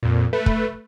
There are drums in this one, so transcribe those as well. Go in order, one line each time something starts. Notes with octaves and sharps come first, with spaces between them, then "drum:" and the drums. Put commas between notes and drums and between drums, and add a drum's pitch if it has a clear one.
F2 A#2
A3 B4
drum: kick